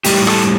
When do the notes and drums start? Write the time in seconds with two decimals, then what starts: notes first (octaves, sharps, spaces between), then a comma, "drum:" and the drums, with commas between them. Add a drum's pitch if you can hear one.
0.05 A2 G3 G4, drum: open hi-hat
0.27 A4, drum: rim click